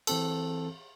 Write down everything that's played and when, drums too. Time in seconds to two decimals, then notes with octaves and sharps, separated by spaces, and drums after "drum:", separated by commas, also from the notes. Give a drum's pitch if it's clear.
0.07 E3 C4 A4, drum: cymbal